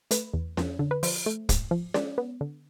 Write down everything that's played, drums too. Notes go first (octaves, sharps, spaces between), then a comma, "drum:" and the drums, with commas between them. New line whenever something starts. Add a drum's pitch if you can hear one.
A3 B4, drum: hi-hat
E2
F2, drum: snare C#4
D3
B4
F3 C5, drum: open hi-hat
A3
G#2, drum: kick, hi-hat
F3
G#3 D5, drum: snare C#4
B3
D3